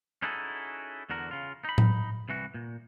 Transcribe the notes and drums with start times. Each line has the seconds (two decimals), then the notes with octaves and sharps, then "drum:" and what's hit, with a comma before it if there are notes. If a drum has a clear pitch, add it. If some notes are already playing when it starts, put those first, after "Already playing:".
0.22 C#4 D#4 E4 F#4 G#4 A4
1.10 E2 D3 F#4 A#4
1.31 C#3 F4
1.65 D#4 B5
1.78 drum: tom A2
2.29 C2 E3 F#4
2.54 A#2